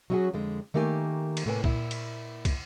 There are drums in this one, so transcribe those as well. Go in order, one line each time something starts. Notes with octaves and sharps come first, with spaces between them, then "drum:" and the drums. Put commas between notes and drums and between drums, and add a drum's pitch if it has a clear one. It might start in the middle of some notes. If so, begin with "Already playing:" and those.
F#3 C#4 D#4 E4 F#4 G#4
F2 D3 G#3
D#3 A3 A#3 G4 D5 G#5
drum: cymbal
A2 C3 A#3 B4 G#5
A#2 E4, drum: kick
drum: cymbal
drum: kick, cymbal